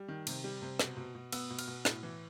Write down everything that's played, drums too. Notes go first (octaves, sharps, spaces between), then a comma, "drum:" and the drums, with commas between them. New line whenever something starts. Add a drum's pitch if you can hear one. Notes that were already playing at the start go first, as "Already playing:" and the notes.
Already playing: G3
D#3
C3, drum: cymbal
G3
C3
B2, drum: snare
B2
B2
B3 E6, drum: cymbal
B2
F6, drum: cymbal
B2
A2, drum: snare
E3